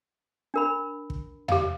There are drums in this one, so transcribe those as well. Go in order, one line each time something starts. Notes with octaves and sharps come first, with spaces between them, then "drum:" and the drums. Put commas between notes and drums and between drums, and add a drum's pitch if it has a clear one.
D4 A#4 B5
drum: kick
G4 F5, drum: tom E2